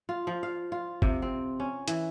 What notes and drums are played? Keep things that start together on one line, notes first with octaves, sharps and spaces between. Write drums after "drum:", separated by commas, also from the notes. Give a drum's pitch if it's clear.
F4
F3
F5
F4
C3, drum: kick G1
C4
C#4
E3, drum: hi-hat